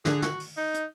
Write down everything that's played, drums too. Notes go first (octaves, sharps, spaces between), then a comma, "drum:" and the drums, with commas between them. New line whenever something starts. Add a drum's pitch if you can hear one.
D3 G#4, drum: snare
F#4, drum: snare
drum: open hi-hat
D#4
drum: hi-hat